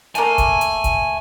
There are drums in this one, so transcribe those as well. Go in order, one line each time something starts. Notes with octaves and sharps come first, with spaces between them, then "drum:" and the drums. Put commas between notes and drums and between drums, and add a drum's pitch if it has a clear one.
A3 A#3 G#5, drum: hi-hat
drum: kick, hi-hat
drum: hi-hat
drum: kick, hi-hat